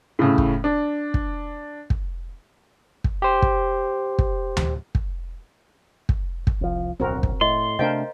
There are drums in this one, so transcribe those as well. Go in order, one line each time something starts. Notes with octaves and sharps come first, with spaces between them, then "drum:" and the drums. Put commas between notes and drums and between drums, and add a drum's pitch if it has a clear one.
A2 C#3
drum: kick
D4
drum: kick
drum: kick
drum: kick
G4 C5
drum: kick
drum: kick
drum: tom D2
drum: kick
drum: kick
drum: kick
C2 F3
D1 B1 C4 F#4 A#4
drum: kick
A2 D#5 C6
C3 A3 D4 A#4 C5 D#5 F5 G5